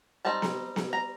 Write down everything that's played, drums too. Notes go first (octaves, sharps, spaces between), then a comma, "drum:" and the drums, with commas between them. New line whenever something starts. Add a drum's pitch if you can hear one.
G3 C4 D#4 A5
drum: snare B3
drum: snare B3
A#5